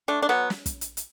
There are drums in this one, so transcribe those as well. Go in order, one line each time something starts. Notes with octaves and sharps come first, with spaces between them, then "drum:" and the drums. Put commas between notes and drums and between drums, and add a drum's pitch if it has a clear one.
A3 D4
D4
F#3 B3
drum: snare
drum: kick, hi-hat
drum: hi-hat
drum: hi-hat